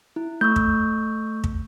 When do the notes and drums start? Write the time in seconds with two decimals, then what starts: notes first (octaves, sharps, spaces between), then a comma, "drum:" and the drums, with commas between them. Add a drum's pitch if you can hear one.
0.16 E4
0.41 A3 C#6 E6 G6
0.56 drum: kick
1.44 drum: kick